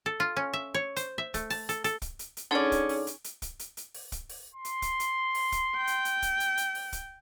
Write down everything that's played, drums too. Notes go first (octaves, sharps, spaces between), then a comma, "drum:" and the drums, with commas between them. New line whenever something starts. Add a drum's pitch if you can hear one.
A4
F4
C#4
E5
C#5
C5, drum: hi-hat
E5
A3, drum: kick, hi-hat
A5, drum: open hi-hat
A4, drum: hi-hat
A4, drum: hi-hat
drum: kick, hi-hat
drum: hi-hat
drum: hi-hat
D3 C#4 D#4 G#4 C#5 D5
drum: kick, hi-hat
drum: open hi-hat
drum: hi-hat
drum: hi-hat
drum: kick, hi-hat
drum: hi-hat
drum: hi-hat
drum: open hi-hat
drum: kick, hi-hat
drum: open hi-hat
C6
drum: hi-hat
drum: kick, hi-hat
drum: hi-hat
drum: open hi-hat
drum: kick, hi-hat
G5
drum: hi-hat
drum: hi-hat
drum: kick, hi-hat
drum: hi-hat
drum: hi-hat
drum: open hi-hat
drum: kick, hi-hat